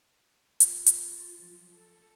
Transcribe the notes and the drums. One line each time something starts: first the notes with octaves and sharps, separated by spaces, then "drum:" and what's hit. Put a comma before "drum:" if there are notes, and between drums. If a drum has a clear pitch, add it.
F4, drum: hi-hat
drum: hi-hat
F3 F#3
A4